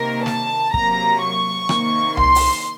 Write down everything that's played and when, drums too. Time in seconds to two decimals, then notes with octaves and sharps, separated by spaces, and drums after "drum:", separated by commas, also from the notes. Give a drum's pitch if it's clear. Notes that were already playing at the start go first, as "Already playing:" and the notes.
Already playing: C3 D#3 A#3 A#4
0.26 A5, drum: snare
0.74 C3 F#3 A#3 A#5, drum: kick
1.21 C#6
1.69 C3 D#3 A#3, drum: rim click
2.17 C6, drum: tom C2
2.35 drum: open hi-hat